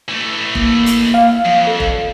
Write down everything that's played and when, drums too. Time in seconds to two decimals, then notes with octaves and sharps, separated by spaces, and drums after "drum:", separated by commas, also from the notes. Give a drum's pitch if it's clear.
0.09 E3 A3
0.55 A#3, drum: kick F1
0.86 drum: hi-hat
1.14 F5
1.45 F2 F3
1.67 A4
1.80 drum: kick F1